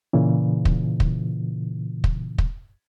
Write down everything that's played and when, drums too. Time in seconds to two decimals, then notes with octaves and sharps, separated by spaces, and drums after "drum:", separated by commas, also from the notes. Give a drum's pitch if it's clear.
0.13 A#2 C#3 E3
0.65 drum: kick
1.00 drum: kick
2.04 drum: kick
2.38 drum: kick